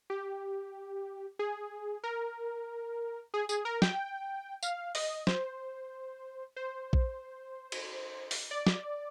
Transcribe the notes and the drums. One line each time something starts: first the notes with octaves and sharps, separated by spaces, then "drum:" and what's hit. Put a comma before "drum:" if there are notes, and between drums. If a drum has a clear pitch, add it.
G4
G#4
A#4
G#4
G#4, drum: tambourine
A#4
G5, drum: snare
F5, drum: tambourine
D#5, drum: open hi-hat
C5, drum: snare
C5
drum: kick
drum: cymbal
drum: open hi-hat
D5
drum: snare